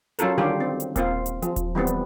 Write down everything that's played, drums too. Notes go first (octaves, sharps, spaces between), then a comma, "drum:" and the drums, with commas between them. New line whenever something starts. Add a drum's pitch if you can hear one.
F#3 C#4 F4 A4 A#4, drum: hi-hat
D3 D#3 G3 F4 G4 C#5
C4
drum: hi-hat
A#3 C4 F4, drum: kick D#1, hi-hat
drum: hi-hat
F3, drum: hi-hat
drum: kick D#1, hi-hat
E3 G3 B3 C4
drum: hi-hat